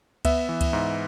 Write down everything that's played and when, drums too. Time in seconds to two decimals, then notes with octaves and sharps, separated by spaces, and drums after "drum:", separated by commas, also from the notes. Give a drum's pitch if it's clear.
0.25 B3 E5, drum: kick C#2, cymbal
0.49 E3
0.61 drum: kick C#2, cymbal
0.73 G#2